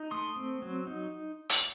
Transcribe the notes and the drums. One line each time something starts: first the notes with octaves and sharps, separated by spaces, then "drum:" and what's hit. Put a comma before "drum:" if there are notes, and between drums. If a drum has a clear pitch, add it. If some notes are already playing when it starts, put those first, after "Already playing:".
Already playing: D#4
A3 C6 D#6
C4
F#3
D#4
drum: hi-hat